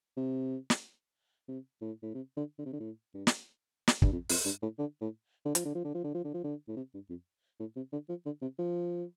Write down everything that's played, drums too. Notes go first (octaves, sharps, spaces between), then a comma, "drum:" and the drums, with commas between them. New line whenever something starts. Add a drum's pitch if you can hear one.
C3
drum: snare
C3
A2
A2
C3
D3
D3
C3
D3
A2
G2
drum: snare
drum: snare
G2, drum: kick
F2
F2, drum: open hi-hat
G2
A2
D3
A2
D3
F3, drum: hi-hat
D3
F3
D3
F3
D3
F3
D3
F3
D3
A2
C3
G2
F2
A2
C3
D3
F3
D3
C3
F3